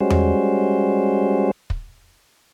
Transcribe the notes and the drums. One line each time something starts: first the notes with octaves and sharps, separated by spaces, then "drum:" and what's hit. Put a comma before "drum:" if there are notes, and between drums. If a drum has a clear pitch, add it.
G3 G#3 C#4 F#4 C5
drum: tom E2
drum: kick